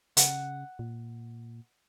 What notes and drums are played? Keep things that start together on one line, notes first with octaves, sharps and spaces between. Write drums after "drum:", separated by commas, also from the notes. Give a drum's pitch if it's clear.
C#3 F#5, drum: hi-hat
A#2